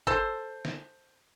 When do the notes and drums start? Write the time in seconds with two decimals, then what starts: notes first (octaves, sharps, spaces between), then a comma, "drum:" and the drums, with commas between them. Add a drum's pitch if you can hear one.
0.07 A4 C5, drum: kick
0.65 drum: snare